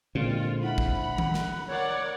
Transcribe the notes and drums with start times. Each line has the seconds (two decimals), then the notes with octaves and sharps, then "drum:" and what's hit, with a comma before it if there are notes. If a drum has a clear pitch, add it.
0.15 A#2 D3 G#3 C4 F4
0.63 E4 F#5 B5
0.78 drum: kick
1.18 drum: tom D#3
1.34 drum: snare
1.68 A#4 C#5 D5 F#5